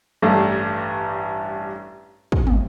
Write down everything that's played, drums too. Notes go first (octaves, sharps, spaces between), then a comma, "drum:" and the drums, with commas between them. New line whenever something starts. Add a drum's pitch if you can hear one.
A1 G2 G3 A3
drum: kick
drum: tom